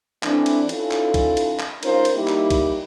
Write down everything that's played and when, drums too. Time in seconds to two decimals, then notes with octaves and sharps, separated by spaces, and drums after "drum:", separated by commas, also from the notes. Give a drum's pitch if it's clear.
0.23 E3 A3 C4 D4, drum: clap
0.46 drum: cymbal
0.69 E3 C#4 D#4 F4 A4, drum: cymbal
0.91 drum: clap
1.14 drum: kick B1, cymbal
1.37 drum: cymbal
1.60 drum: clap
1.83 G#3 C#4 D#4 F4 A#4 C5, drum: cymbal
2.05 drum: cymbal
2.14 G3 A#3 D#4 E4 G4
2.28 drum: clap
2.50 drum: kick B1, cymbal